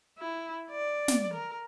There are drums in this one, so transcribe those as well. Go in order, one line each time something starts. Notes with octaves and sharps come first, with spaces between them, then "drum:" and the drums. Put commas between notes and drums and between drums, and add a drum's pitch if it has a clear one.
E4
D5
drum: snare
A#4